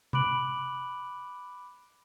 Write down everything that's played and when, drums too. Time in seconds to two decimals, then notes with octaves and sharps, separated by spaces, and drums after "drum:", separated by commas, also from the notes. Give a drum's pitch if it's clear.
0.13 B5 D6 F#6 D7 F#7, drum: tom C3